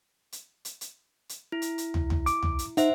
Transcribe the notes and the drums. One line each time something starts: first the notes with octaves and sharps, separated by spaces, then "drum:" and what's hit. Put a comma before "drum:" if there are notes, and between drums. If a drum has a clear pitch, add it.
drum: hi-hat
drum: hi-hat
drum: hi-hat
drum: hi-hat
E4
drum: hi-hat
drum: hi-hat
drum: tom
drum: tom
D6, drum: hi-hat
drum: tom
drum: hi-hat
D#4 C5 E5 F#5, drum: hi-hat